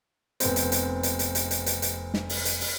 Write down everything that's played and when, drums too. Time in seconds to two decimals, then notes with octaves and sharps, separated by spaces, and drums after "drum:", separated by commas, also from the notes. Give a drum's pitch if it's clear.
0.40 F1 B3 C4, drum: hi-hat
0.56 drum: hi-hat
0.72 drum: hi-hat
1.03 drum: hi-hat
1.19 drum: hi-hat
1.35 drum: hi-hat
1.51 drum: hi-hat
1.66 drum: hi-hat
1.82 drum: hi-hat
2.14 drum: snare
2.29 drum: open hi-hat
2.45 drum: hi-hat
2.61 drum: open hi-hat